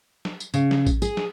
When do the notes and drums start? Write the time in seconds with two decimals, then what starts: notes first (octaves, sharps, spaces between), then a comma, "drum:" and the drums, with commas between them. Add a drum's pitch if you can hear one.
0.25 drum: snare
0.40 drum: tambourine
0.54 C#3, drum: tambourine
0.71 drum: snare
0.86 drum: kick A1, tambourine
1.02 G#4, drum: tambourine
1.17 drum: snare